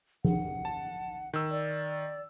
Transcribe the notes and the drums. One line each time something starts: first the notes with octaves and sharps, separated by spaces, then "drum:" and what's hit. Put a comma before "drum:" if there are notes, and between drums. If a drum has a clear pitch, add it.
F#5, drum: tom F3
A5
D#3 E6
D5